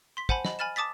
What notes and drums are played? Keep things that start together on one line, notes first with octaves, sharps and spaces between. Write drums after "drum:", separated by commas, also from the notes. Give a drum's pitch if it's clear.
C6 B6
C5 F#5 G#5 A5 B5, drum: kick
D#5 B5, drum: snare
G#5 B5 F6 A6 E7
A5 D6 D#6 A6 B6